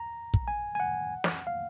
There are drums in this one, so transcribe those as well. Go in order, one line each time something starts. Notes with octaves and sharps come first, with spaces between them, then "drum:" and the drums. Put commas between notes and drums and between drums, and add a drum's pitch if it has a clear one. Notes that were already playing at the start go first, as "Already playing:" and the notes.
Already playing: A#5
drum: kick
G#5
G#5
F#5
drum: snare
F5